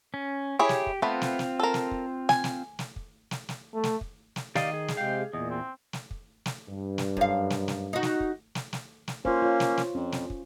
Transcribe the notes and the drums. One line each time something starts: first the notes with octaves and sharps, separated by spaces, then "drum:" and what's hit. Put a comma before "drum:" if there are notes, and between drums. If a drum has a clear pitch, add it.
C#4
E4 G4 G#4 C#5
drum: snare
drum: kick
A3 B3 C4 F4
drum: snare
drum: snare
A4 A#4
drum: snare
drum: kick
G#5, drum: snare
drum: snare
drum: snare
drum: kick
drum: snare
drum: snare
A3
drum: snare
drum: kick
drum: snare
D#3 G4 D5 D#5 F5, drum: snare
G#4
drum: snare
C3 G#3 G4 F5 G5
E2 A#2 D#5
C4
drum: snare
drum: kick
drum: snare
G2
drum: snare
F#2 F5, drum: kick
drum: snare
drum: snare
D#4 F#4
drum: snare
drum: kick
drum: snare
drum: snare
drum: snare
A#3 C#4 F4 C5, drum: kick
F4 C#5
drum: snare
drum: snare
F2 C#4
drum: snare
drum: kick